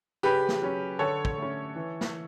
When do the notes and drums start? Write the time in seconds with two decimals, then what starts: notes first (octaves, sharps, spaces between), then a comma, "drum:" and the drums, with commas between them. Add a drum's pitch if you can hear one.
0.23 C#3 G4 B4
0.49 drum: snare
0.62 F#3 C#4
0.99 D3 A4 C#5
1.25 drum: kick
1.38 A3 C#4
1.75 E3
2.01 drum: snare